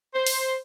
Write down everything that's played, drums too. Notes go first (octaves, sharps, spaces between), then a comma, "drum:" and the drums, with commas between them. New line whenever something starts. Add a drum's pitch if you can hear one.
C5
drum: open hi-hat